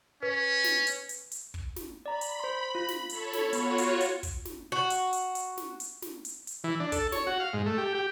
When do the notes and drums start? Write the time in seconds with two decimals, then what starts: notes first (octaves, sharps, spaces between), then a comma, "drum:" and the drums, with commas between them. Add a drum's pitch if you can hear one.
0.23 C#4 B4
0.64 drum: snare
0.87 drum: hi-hat
1.09 drum: hi-hat
1.31 drum: hi-hat
1.54 drum: kick
1.76 drum: snare
2.06 D5 A#5 B5
2.21 drum: hi-hat
2.40 C5 C6
2.75 F4
2.88 drum: snare
3.09 A4 C#5 B5, drum: hi-hat
3.33 drum: snare
3.53 B3 F4 F#4 C#5 B5, drum: hi-hat
3.78 drum: hi-hat
4.01 drum: hi-hat
4.23 drum: kick, hi-hat
4.45 drum: snare
4.72 F#4
4.90 drum: hi-hat
5.13 drum: hi-hat
5.35 drum: hi-hat
5.57 drum: snare
5.80 drum: hi-hat
6.02 drum: snare
6.25 drum: hi-hat
6.47 drum: hi-hat
6.64 E3
6.80 D4
6.92 A4, drum: kick, hi-hat
7.12 C#5, drum: snare
7.27 F#4
7.40 F5
7.53 G#2
7.66 A3
7.78 G4
7.95 G4